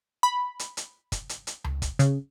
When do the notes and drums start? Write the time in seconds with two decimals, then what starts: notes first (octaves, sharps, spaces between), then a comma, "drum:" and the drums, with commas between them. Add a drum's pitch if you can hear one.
0.23 B5
0.59 drum: hi-hat
0.77 drum: hi-hat
1.12 drum: kick, hi-hat
1.29 drum: hi-hat
1.47 drum: hi-hat
1.64 drum: tom C#2
1.82 drum: kick, hi-hat
1.99 C#3, drum: hi-hat